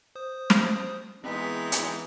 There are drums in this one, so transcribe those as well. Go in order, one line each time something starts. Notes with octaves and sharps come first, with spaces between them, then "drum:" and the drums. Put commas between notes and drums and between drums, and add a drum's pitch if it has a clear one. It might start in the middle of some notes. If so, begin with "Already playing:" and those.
C5 D#6
drum: snare
E3 G#3 B3 C4 D#4
drum: hi-hat